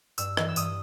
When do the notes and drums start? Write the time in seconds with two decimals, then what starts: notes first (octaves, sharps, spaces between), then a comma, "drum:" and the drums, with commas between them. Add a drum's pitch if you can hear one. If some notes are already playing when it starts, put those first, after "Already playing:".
0.18 G2 E6, drum: tambourine
0.37 E3, drum: rim click
0.49 E6
0.56 G2 D#6, drum: tambourine